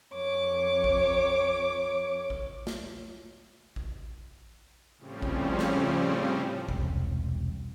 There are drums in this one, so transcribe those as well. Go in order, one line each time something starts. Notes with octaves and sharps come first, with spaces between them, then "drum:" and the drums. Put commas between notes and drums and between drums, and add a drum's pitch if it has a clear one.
F2 C#5 D6
drum: kick A1
drum: kick A1
drum: snare
drum: kick A1
A2 C#3 F3 G3 C4 C#4
drum: kick A1
drum: snare
E1 C2, drum: kick A1